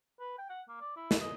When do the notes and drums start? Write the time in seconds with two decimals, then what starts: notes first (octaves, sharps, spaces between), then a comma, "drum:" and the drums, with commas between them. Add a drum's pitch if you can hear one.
0.19 B4
0.38 G5
0.49 F#5
0.69 A#3
0.81 D5
0.96 E4
1.11 drum: snare
1.20 D#5